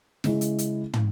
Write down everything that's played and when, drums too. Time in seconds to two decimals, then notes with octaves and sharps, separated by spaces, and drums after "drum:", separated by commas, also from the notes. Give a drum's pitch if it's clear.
0.24 C#3 G#3 C#4 E4, drum: snare
0.41 drum: hi-hat
0.58 drum: hi-hat
0.93 drum: tom